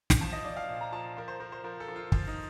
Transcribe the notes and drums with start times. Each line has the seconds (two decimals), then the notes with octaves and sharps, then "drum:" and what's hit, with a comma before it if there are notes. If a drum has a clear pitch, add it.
0.10 drum: snare
0.21 F3 A5
0.33 D#5
0.45 F3 D5
0.57 F5
0.69 A#2
0.81 A#5
0.93 F3 A5
1.17 F3 A#4
1.28 C5
1.40 F3 A#4
1.52 C5
1.64 F3 A#4
1.80 A4
1.88 F3
1.96 F4
2.12 F3 F4, drum: kick
2.27 D#4